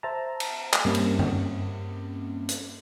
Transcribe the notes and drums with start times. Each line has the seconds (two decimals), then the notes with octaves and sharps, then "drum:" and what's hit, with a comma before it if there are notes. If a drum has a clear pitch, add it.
0.03 C5 E5 A5 A#5
0.40 drum: cymbal
0.73 drum: clap
0.85 G2 G3 A#3 C4 C#4
0.95 drum: cymbal
1.19 drum: tom F#2
2.49 drum: hi-hat